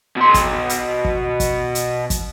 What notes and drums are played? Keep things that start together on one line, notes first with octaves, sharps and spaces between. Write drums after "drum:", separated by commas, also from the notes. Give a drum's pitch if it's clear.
B2 C6
drum: kick, hi-hat
drum: hi-hat
drum: kick
drum: kick, hi-hat
drum: hi-hat
drum: kick, hi-hat